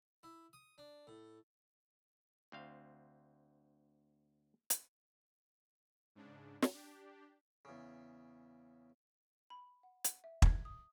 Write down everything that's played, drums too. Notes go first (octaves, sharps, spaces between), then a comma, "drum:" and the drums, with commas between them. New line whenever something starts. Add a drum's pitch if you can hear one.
E4
D#6
D4
A2
D2 C4 F5
drum: hi-hat
G#2 C#3 D4
drum: snare
D4 G4
E2 C#3
B5
F#5
F#5, drum: hi-hat
E5
G#6, drum: kick
D#6